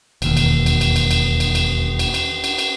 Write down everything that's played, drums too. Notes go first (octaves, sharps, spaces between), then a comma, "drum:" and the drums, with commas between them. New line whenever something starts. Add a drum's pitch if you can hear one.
E1 D#2, drum: cymbal
drum: cymbal
drum: cymbal
drum: cymbal
drum: cymbal
drum: cymbal
drum: cymbal
drum: cymbal
drum: cymbal
drum: cymbal
drum: cymbal
drum: cymbal